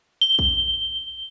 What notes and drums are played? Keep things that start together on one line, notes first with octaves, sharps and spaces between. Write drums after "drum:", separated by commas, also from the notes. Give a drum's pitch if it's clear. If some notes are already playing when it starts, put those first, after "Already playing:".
G7
drum: kick